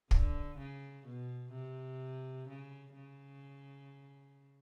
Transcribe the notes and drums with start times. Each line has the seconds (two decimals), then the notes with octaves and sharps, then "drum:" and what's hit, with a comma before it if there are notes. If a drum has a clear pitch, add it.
0.11 D3, drum: kick
0.58 C#3
1.06 B2
1.53 C3
2.49 C#3
2.96 C#3